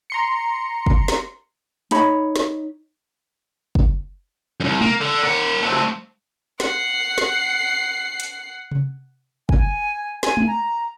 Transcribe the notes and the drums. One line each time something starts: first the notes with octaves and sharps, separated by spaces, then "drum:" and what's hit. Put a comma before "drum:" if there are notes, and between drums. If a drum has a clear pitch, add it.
A#5 C6 C#7
drum: kick
drum: snare
D#4 C#5 B5, drum: hi-hat
drum: snare
drum: kick
C2 F#2
A#3, drum: tom G#3
D3
A#3 F#5
A3 C4
drum: rim click
F#5 C7, drum: snare
drum: snare
drum: hi-hat
drum: tom C3
G#5, drum: kick
G#5, drum: snare
drum: tom G#3
A#5